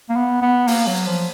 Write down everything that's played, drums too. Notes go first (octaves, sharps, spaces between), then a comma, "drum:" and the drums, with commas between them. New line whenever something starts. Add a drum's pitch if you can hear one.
A#3
B3
B3
A#3, drum: open hi-hat
F#3
F3